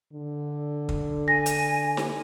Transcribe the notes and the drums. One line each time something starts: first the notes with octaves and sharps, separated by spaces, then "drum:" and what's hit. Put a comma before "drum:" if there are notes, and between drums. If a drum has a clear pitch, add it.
D3
drum: kick
G#5 A#6
drum: hi-hat
drum: snare